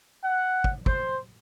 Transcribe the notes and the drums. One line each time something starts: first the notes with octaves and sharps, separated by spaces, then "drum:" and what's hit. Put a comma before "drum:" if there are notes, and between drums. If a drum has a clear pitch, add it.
F#5
drum: kick
C5, drum: kick